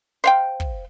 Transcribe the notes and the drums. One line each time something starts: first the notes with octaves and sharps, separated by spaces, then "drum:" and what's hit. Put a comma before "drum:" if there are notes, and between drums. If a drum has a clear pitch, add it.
C5 F5 G5
drum: kick